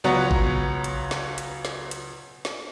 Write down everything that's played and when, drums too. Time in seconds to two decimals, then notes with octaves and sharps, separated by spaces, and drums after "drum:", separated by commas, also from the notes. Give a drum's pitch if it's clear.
0.04 C#2 F#3 B3 C#5 F#5 A#5
0.31 drum: kick
0.84 drum: hi-hat
1.11 drum: snare
1.38 drum: hi-hat
1.65 drum: snare
1.91 drum: hi-hat
2.45 drum: snare